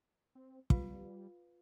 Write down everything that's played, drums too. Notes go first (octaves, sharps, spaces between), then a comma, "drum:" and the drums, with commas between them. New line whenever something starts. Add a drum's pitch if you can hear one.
C4
G3 F4 B4 F5, drum: kick